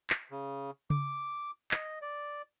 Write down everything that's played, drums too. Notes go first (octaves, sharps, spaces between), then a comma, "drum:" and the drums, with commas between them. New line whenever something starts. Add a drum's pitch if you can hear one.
drum: clap
C#3
D6, drum: tom C#3
D#5, drum: clap
D5